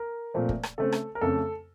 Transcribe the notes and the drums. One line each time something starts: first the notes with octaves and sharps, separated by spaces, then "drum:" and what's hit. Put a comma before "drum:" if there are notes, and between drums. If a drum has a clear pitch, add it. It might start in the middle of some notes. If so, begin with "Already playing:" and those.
Already playing: A#4
A#2 F3 A3 C4
drum: kick
drum: rim click
C#3 A3 C4 A4
drum: rim click
A#4
F2 C#3 A3 A4